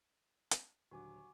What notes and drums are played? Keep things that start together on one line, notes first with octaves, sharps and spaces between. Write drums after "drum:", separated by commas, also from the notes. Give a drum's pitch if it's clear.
drum: hi-hat
D#1 D3 F#3 F#4 G#5 D6